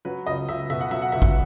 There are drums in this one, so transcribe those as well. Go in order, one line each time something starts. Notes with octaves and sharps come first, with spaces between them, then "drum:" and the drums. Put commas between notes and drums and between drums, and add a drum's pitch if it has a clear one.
F#3 B4
C#2 D#5
C#2 E5
B2 E5
F#5
F#3 E5
F#5
C#2 E5
drum: kick G#1